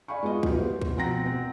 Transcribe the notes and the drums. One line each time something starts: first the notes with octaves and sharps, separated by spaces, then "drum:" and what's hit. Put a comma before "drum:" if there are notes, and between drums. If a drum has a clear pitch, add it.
D5 F5 G#5 B5 C#6
G#3 B3 F4 D#5
F#3 E4 F4 G4 B4, drum: kick C2
B3 C5
drum: kick C2
B2 F3 C4 F#5 A#5 A#6
C4